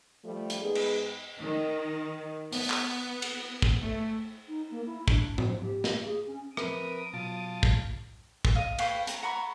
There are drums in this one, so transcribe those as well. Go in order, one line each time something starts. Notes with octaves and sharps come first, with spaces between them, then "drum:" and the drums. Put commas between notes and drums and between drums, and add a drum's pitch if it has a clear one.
F3 G3 A3
drum: hi-hat
G#2 B3 G#4
drum: cymbal
D#3
B3, drum: open hi-hat
drum: clap
drum: cymbal
drum: kick
A3
D#4
A#3
E4
D4, drum: kick
F3, drum: tom G#2
G4
drum: snare
G#4
C#4
F3 C4 A#4 B4 E5 D#6 D7, drum: rim click
B2 F#3 F4 A5
drum: kick
drum: kick
D#5 F5
B4 F5 G5 C#6, drum: cymbal
A#5, drum: hi-hat
F#5 A#5 B5 C#6